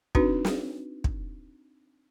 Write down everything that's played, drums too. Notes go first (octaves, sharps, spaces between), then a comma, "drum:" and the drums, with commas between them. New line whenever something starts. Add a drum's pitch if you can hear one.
C4 D4 D#4 F#4 B4, drum: kick
drum: snare
drum: kick